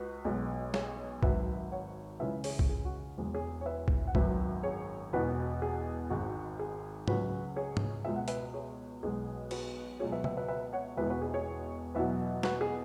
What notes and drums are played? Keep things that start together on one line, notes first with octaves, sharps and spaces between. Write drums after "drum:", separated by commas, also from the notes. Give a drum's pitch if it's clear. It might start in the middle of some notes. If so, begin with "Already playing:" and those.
Already playing: C#2 F#4 B4
B1 B2 G#3
G#4 C#5, drum: snare
G#1 G#2 F#3 B4 E5, drum: kick C2
C#5 F#5
C#2 C#3 E3 G#3 B4 E5
G#4 C#5, drum: open hi-hat
drum: kick C2
G#4
F#4
E1 E2 E3 G#3
G#4 C#5
C#5
B4 E5
drum: kick C2
F#5
G#1 F#2 F#3 B4 E5, drum: kick C2
G#4 C#5
E1 E2 B2 F#4 B4
G#4
G#1 G#2 G#3 F#4
G#4
C#2 C#3 F#3 F#4 B4, drum: tom G#2
G#4 C#5
drum: tom G#2
C#2 B2 G#3 E5
F#5
B4 E5, drum: hi-hat
G#4 C#5
B1 B2 G#3 G#4
F#4 B4, drum: cymbal
C#2 B2 F#3 G#4 C#5
B4 E5
B4 E5, drum: tom C#3
B4 E5
B4 E5
C#5 F#5
E1 E2 B2 G#3 B4 E5
F#4 B4
G#4
G#4 C#5
E2 B2 F#3 B4 E5
F#4 B4, drum: snare
G#4